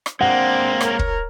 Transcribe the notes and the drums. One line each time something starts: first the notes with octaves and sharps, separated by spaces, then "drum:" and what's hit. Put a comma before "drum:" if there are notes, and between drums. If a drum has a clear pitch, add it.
drum: rim click
G#3 A#3 C4 D4 F#5
A#4 C#5, drum: rim click
drum: kick